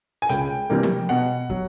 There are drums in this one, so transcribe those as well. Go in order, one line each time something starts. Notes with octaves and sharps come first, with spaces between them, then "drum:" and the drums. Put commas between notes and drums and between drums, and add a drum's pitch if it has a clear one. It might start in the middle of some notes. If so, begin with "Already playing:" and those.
G#5
C#2 G5, drum: hi-hat
C3 E3 G3 A#3
drum: tom
B2 F#5
F#3, drum: kick